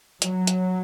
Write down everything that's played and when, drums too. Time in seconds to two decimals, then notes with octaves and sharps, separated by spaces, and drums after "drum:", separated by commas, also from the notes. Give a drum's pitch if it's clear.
0.22 F#3, drum: hi-hat
0.47 drum: hi-hat